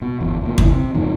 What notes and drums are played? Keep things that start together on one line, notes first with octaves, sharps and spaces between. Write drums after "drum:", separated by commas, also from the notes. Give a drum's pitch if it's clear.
B2
G1 E2
D2 A#2
A2 C#3 E3, drum: kick
C3
E2 G2 A#2 D#3